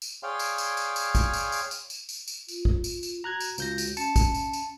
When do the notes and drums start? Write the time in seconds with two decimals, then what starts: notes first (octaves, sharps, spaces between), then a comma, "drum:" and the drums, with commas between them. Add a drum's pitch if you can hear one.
0.02 drum: tambourine
0.23 G#4 C#5 D5 F5 G5 C6
0.39 drum: tambourine
0.58 drum: tambourine
0.77 drum: tambourine
0.96 drum: tambourine
1.15 drum: kick A1, tambourine
1.33 drum: tambourine
1.52 drum: tambourine
1.71 drum: tambourine
1.90 drum: tambourine
2.09 drum: tambourine
2.28 drum: tambourine
2.48 F4, drum: tambourine
2.65 drum: kick A1
2.84 drum: tambourine
3.03 drum: tambourine
3.24 F#4 A#5 F#6 G#6
3.40 drum: tambourine
3.58 C#2 G6 A#6, drum: tambourine
3.78 drum: tambourine
3.97 C#4 A5 C#7, drum: tambourine
4.16 drum: kick A1, tambourine
4.35 drum: tambourine
4.53 drum: tambourine